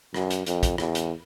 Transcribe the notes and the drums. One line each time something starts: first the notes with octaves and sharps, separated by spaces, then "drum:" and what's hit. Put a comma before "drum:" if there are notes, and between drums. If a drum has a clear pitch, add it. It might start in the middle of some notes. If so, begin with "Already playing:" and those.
F#2, drum: rim click
drum: hi-hat
F2, drum: hi-hat
drum: kick, hi-hat
E2, drum: rim click
drum: hi-hat